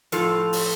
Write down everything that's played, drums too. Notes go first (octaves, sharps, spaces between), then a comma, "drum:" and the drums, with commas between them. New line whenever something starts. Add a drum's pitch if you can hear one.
A2 F3 F4 A4, drum: hi-hat
drum: open hi-hat